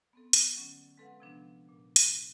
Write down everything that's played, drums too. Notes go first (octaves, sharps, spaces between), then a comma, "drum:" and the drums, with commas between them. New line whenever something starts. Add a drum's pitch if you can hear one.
B3 C4 A4
drum: hi-hat
D3 F#3 C#4
G#3 C4 A4 B4 F5 F#5
C3 D#3 F3 B3 D4
A#2
drum: hi-hat